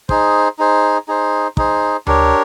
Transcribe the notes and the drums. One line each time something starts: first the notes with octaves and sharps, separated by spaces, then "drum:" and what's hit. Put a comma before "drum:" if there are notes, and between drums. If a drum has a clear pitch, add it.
D#4 G#4 C5, drum: kick
D#4 G#4 C5
D#4 G#4 C5
D#4 G#4 C5, drum: kick
D4 G4 A#4 C#5, drum: tom D2